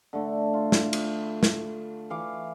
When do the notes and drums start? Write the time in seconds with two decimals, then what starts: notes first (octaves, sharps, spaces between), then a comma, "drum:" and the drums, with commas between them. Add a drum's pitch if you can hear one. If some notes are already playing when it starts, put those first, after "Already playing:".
0.13 D3 A3
0.54 F4
0.72 drum: snare
0.93 drum: cymbal
1.43 drum: snare
2.10 E3 F5 C#6 D6